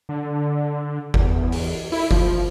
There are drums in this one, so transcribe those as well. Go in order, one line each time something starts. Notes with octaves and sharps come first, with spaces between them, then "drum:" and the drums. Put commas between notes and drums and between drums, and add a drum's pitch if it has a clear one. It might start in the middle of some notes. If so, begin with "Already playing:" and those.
D3
E2, drum: kick G1
drum: open hi-hat
E4, drum: open hi-hat
F3, drum: kick G1